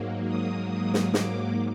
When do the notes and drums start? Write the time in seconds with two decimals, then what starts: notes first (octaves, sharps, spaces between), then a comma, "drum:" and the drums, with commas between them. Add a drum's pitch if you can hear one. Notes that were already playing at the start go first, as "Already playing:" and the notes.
Already playing: G#2 F#3 A#3
0.27 D#6
0.70 D#6
0.94 drum: snare
1.14 D6, drum: snare